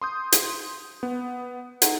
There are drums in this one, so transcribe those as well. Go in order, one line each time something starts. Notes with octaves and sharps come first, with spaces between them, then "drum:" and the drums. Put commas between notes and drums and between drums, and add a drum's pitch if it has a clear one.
C6 D#6 G6
drum: hi-hat
B3
D#4 A4 F#5, drum: hi-hat